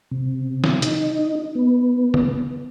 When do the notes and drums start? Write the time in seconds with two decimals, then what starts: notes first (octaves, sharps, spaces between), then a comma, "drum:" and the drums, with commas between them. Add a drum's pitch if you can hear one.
0.11 C3
0.64 drum: snare
0.82 D#4, drum: hi-hat
1.55 B3
2.14 drum: tom